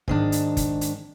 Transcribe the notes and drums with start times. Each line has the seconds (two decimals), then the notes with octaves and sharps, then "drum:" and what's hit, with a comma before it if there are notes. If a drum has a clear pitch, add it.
0.08 G#2 D#3 D4, drum: kick
0.32 drum: hi-hat
0.57 drum: kick, hi-hat
0.81 drum: hi-hat